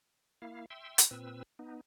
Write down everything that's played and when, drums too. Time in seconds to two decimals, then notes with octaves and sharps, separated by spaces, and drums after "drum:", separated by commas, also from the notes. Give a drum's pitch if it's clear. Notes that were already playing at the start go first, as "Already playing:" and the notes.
0.42 A#3 E4 F5
0.70 E5 G5 C6 E6
0.98 drum: hi-hat
1.11 A#2 C4 B4 E6
1.59 B3 D#4